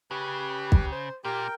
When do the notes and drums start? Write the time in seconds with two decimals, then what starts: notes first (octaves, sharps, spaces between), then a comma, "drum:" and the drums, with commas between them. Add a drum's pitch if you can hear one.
0.11 C#3 G4 B4
0.72 drum: kick
0.92 C5
1.24 A#2 G4 A#4 G5